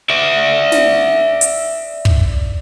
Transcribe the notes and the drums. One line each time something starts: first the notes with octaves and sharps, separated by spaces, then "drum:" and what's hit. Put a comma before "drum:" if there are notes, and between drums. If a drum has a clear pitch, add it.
D5 E5
drum: snare
drum: hi-hat
drum: kick